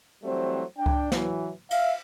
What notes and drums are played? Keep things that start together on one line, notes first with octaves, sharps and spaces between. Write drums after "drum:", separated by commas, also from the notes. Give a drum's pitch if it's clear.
E3 F#3 G3 A3 C4 C5
D4 G5
drum: kick C#2
E3 F#3, drum: snare
E5 F5, drum: cymbal